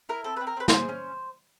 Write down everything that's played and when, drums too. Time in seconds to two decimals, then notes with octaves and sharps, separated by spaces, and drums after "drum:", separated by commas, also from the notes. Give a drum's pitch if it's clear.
0.09 E4 A#4
0.24 C4 A4
0.37 B4
0.41 C4
0.47 A#4
0.57 C4 B4
0.68 G#4 C5, drum: snare
0.89 C#4